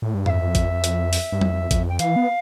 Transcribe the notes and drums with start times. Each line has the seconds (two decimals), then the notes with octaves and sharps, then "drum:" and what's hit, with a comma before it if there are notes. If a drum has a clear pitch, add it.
0.02 A2
0.14 G2
0.26 F2 E5 F5, drum: tom G2
0.55 drum: kick G#1, hi-hat
0.84 drum: hi-hat
1.13 drum: open hi-hat
1.32 G2
1.41 F2, drum: tom F#3
1.71 F2, drum: kick G#1, hi-hat
1.89 G5
1.99 E3 F5, drum: hi-hat
2.16 B3